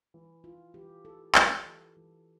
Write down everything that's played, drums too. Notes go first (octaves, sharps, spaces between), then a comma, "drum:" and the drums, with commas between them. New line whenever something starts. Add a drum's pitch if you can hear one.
E3
E4 F4
E3 G4
E4 A4
E3 A4, drum: clap
E3
E3